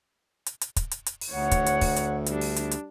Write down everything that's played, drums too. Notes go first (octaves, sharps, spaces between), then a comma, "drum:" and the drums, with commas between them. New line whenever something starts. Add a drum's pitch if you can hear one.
drum: hi-hat
drum: hi-hat
drum: kick, hi-hat
drum: hi-hat
drum: hi-hat
drum: open hi-hat
D2 C#5 F#5
drum: kick, hi-hat
drum: hi-hat
drum: kick, open hi-hat
drum: hi-hat
G3 D4, drum: hi-hat
drum: open hi-hat
drum: hi-hat
drum: hi-hat